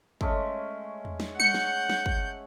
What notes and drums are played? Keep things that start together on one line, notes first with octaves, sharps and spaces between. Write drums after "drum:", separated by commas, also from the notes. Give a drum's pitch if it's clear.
G#3 A3 C#4, drum: kick
drum: tom E2
drum: snare
F#5 G6 C#7, drum: tom G3
drum: snare
drum: snare
drum: kick